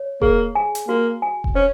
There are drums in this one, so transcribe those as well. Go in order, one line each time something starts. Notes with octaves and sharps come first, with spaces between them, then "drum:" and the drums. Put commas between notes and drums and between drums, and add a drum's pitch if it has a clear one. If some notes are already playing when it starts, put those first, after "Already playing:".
Already playing: C#5
A#3 G#4, drum: kick E1
G#5
drum: hi-hat
A#3 F#4
G#5
drum: kick E1
C#4 C#5